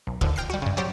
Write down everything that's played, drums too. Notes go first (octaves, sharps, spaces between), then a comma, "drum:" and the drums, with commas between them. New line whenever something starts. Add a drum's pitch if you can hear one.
B1
D#2 D3 F3, drum: kick
G5 F6 A#6 C7
G3 F#4
G2 C#3
F#3 G3 G4 C5 C#5